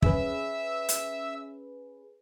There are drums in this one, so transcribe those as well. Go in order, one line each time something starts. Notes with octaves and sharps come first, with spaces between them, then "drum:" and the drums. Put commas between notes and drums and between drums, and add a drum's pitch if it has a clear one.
C#4 G#4 B4 E5 E6, drum: kick
drum: hi-hat